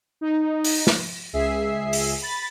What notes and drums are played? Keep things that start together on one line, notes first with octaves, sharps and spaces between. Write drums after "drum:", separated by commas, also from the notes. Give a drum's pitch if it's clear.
D#4
drum: open hi-hat
drum: snare
C#2 G#4 E5 C7
drum: open hi-hat
B5 A6